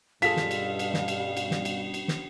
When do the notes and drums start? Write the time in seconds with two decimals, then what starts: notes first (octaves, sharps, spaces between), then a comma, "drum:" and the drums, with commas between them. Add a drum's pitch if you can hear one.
0.22 G2 B2 G3 F4 G#4 A4 F5 B6, drum: cymbal
0.36 drum: snare
0.51 drum: cymbal
0.79 drum: cymbal
0.94 drum: snare
1.08 drum: cymbal
1.37 drum: cymbal
1.51 drum: snare
1.65 drum: cymbal
1.94 drum: cymbal
2.08 drum: snare